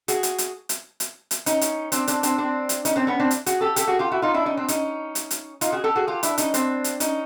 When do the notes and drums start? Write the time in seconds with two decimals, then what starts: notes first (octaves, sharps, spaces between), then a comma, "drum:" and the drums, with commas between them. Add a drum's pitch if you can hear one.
0.08 F#4 G#4, drum: hi-hat
0.23 drum: hi-hat
0.38 drum: hi-hat
0.69 drum: hi-hat
1.00 drum: hi-hat
1.31 drum: hi-hat
1.46 C#4 D#4, drum: hi-hat
1.61 drum: hi-hat
1.92 C4 D4, drum: hi-hat
2.08 C4 D4, drum: hi-hat
2.23 C4 D4, drum: hi-hat
2.38 C4 D4
2.69 drum: hi-hat
2.85 C#4 D#4, drum: hi-hat
2.96 C4 D4
3.07 B3 C#4
3.20 C4 D4
3.31 drum: hi-hat
3.46 F#4 G#4, drum: hi-hat
3.61 G4 A4
3.76 G4 A4, drum: hi-hat
3.88 F#4 G#4
3.99 F4 G4
4.11 E4 F#4
4.22 D#4 F4
4.34 D4 E4
4.46 C#4 D#4
4.57 C4 D4
4.68 C#4 D#4, drum: hi-hat
5.15 drum: hi-hat
5.31 drum: hi-hat
5.61 D#4 F4, drum: hi-hat
5.72 F#4 G#4
5.84 G4 A4
5.96 F#4 G#4
6.07 F4 G4
6.23 D4 E4, drum: hi-hat
6.38 C#4 D#4, drum: hi-hat
6.54 C4 D4, drum: hi-hat
6.84 drum: hi-hat
7.00 C#4 D#4, drum: hi-hat